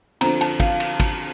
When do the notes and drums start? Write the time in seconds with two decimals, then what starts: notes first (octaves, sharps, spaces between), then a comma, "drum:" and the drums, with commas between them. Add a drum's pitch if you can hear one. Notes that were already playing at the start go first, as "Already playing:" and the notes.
0.21 D3 F3 C4 A#5, drum: cymbal
0.41 A5, drum: cymbal
0.60 F5, drum: kick, cymbal
0.80 drum: cymbal
1.00 drum: kick, cymbal